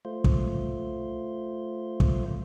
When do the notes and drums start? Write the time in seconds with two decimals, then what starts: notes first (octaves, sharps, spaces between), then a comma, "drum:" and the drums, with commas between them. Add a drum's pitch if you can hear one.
0.05 A3 F4 C5
0.24 drum: kick
2.00 drum: kick